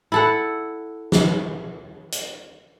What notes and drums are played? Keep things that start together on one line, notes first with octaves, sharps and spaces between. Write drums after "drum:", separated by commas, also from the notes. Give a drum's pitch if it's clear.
E4 A4 F#5
drum: snare
drum: hi-hat